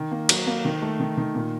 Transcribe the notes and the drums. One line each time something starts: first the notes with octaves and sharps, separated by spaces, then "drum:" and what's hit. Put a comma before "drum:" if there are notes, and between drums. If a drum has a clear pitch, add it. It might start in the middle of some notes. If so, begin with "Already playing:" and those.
Already playing: D#3
A#3
F#3, drum: cymbal
A#3
D#3
A3
D#3
D#3
A#2